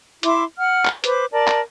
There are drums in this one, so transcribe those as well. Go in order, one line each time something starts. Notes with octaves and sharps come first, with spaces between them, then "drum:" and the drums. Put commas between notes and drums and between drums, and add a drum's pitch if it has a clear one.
E4 E5 C6 D6, drum: hi-hat
F#5 F6
drum: clap
B4 C5 D6, drum: hi-hat
A#4 D5 A5
drum: clap